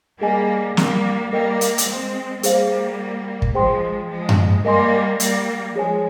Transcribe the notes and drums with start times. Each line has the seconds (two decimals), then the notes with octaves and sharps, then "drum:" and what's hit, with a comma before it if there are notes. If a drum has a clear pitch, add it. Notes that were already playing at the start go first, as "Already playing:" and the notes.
0.21 G3 A#3 G#4 D#5 G#5
0.77 G3 A#3, drum: snare
1.33 G3 A#3 A#4 D#5 G5
1.61 drum: hi-hat
1.78 drum: hi-hat
1.88 G#3 C4
2.43 G3 A#3 G#4 C5 F5, drum: hi-hat
3.42 drum: kick
3.54 F3 G#3 G#4 C5 G5 C6
4.09 F3 G#3
4.29 drum: tom F#2
4.65 G3 A#3 A#4 D#5 G#5 C6
5.20 G3 A#3, drum: hi-hat
5.75 F3 G#3 G#4 C#5 G#5